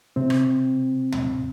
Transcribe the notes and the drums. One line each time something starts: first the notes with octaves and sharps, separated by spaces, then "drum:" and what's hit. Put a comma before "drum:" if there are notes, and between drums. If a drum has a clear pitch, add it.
C3 C4
drum: rim click
drum: tom